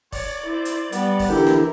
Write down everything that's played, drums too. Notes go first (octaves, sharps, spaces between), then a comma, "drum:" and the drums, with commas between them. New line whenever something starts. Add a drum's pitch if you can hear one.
C#5 D5, drum: kick, open hi-hat
E4 C5
drum: hi-hat
G3 B3, drum: hi-hat
drum: kick, open hi-hat
D3 E3 E4 G4 A#4
drum: snare